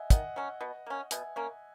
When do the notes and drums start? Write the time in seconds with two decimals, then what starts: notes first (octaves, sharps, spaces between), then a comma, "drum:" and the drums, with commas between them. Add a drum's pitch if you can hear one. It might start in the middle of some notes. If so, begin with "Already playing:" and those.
Already playing: D#5 E5 F#5 G#5
0.10 D#3 D#5 F#5, drum: kick, hi-hat
0.36 F#3 C#4
0.61 B2
0.86 A#3 C#4
1.11 B2 E5 G#5, drum: hi-hat
1.36 A#3 C#4